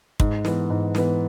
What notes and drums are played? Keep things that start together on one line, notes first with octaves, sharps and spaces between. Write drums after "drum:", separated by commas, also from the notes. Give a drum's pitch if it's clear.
G#2, drum: kick
E3 B3, drum: snare
G#2
E3 B3, drum: snare